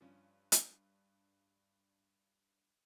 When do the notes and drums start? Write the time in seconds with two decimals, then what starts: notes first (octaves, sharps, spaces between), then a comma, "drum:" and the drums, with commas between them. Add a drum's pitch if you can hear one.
0.01 G2 F3 C#4
0.52 drum: hi-hat